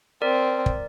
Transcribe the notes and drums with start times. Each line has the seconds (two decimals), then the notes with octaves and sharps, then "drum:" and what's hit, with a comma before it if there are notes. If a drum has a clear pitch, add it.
0.22 C4 A#4 D5
0.66 drum: kick